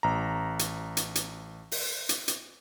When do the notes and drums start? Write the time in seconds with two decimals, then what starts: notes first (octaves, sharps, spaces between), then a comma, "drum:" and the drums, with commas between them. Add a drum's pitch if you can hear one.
0.03 A1 A#5
0.59 drum: hi-hat
0.97 drum: hi-hat
1.15 drum: hi-hat
1.72 drum: open hi-hat
2.09 drum: hi-hat
2.28 drum: hi-hat